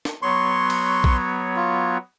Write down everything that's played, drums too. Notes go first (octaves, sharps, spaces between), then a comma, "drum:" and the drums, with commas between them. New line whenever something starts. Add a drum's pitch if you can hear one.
drum: snare
F#3 B3 C#5 C6 C#6
drum: cymbal
drum: kick
F4